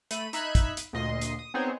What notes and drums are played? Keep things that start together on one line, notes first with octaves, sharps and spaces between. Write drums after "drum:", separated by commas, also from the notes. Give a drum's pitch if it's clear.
A3 B5 D#7, drum: hi-hat
D#4 E5 B5 F#6 G#6, drum: hi-hat
drum: kick, hi-hat
drum: hi-hat
D2 A#2 D#5 C6
drum: hi-hat
D#6
B3 C4 D#4 G#4 C5 C#5